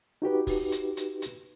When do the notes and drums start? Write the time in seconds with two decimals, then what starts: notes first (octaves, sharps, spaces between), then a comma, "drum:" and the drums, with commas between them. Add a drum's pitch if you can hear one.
0.22 D#4 F#4 G4 B4
0.47 drum: kick, open hi-hat
0.72 drum: hi-hat
0.97 drum: hi-hat
1.22 drum: hi-hat